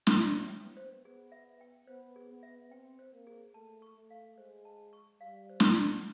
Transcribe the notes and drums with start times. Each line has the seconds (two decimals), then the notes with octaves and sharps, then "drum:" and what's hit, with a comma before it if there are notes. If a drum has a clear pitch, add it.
0.07 drum: snare
0.21 F#3 E5
0.49 G5
0.62 B3
0.77 C5
1.04 B3 G#4
1.32 E5
1.61 G5
1.87 B3 C5
2.16 G#4
2.30 B3
2.43 E5
2.71 C4 G5
2.99 C5
3.13 A#3
3.27 G#4
3.54 A3 A5
3.82 C#6
3.96 A3
4.10 F5
4.38 G#3 C5
4.65 A5
4.93 C#6
5.21 G3 F5
5.49 C5
5.60 drum: snare
5.77 A5